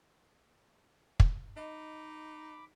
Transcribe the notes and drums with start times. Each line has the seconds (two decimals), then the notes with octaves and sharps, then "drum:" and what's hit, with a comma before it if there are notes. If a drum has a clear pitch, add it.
1.20 drum: kick
1.56 D#4 D#5 B5 D6